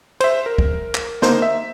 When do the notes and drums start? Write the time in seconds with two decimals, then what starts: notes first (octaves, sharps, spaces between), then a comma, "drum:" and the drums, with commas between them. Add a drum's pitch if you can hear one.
0.20 C5 E5, drum: cymbal
0.46 A#4
0.58 drum: kick
0.95 drum: clap
1.22 A#3 D#4 C5, drum: snare
1.42 E5